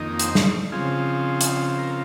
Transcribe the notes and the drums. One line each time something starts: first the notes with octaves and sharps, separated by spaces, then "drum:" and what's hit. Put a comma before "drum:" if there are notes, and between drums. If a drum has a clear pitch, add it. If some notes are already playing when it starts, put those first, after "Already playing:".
Already playing: F2 D#3 A#3 D#4
C5, drum: hi-hat
drum: snare
C#3 F3 C4 F4 G#4
drum: hi-hat
A#4